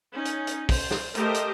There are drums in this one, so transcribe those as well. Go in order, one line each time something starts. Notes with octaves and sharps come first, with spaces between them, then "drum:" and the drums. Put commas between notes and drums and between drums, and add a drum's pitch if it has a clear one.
C#4 D#4
drum: hi-hat
drum: hi-hat
C5, drum: kick, open hi-hat
drum: snare
A3 G4 A#4 C5 D#5, drum: hi-hat
drum: hi-hat